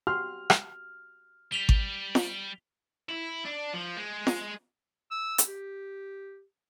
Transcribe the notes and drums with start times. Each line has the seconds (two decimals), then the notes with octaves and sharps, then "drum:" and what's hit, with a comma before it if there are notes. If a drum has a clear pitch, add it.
0.07 F#4 G4 C6 F6
0.50 drum: rim click
1.52 G3 B6 F7 G7
1.69 drum: kick G#1
2.15 drum: snare
3.09 E4
3.45 D4
3.73 F3
3.96 G#3
4.27 drum: snare
5.11 E6
5.38 drum: hi-hat
5.48 G4